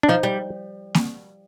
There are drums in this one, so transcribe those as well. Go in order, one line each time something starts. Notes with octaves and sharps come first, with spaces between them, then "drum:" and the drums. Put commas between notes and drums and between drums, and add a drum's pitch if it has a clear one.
D4
F3 D#4
G3
drum: snare A#3